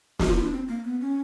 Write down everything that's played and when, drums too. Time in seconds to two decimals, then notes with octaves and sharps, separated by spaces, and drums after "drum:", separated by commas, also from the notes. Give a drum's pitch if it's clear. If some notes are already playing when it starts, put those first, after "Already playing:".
0.19 F#4, drum: snare
0.27 F4
0.35 E4
0.43 D4
0.52 C4
0.68 A#3
0.84 B3
1.01 C#4